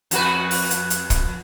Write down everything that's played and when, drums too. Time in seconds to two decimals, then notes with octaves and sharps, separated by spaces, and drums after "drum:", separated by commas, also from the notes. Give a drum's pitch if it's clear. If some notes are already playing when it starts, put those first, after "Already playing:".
0.11 F2 F#4 B4, drum: hi-hat
0.51 drum: open hi-hat
0.70 drum: hi-hat
0.90 drum: hi-hat
1.10 drum: kick, hi-hat